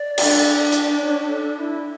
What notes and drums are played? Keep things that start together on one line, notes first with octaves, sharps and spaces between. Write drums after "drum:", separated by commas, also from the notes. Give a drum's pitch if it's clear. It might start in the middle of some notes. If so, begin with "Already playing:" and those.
Already playing: D5
D4, drum: cymbal
drum: hi-hat
D5
C#5
A4
E4